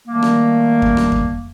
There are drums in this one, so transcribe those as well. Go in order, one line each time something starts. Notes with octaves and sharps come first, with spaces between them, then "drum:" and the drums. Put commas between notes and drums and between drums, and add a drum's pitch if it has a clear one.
D#3 G3 A3 A#3
drum: rim click
drum: kick F2
drum: rim click
drum: kick F2